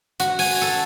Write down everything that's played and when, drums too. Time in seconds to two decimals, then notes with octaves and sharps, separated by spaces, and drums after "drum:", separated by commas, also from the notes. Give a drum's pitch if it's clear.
0.20 F#4, drum: hi-hat
0.39 G#5, drum: open hi-hat
0.62 A4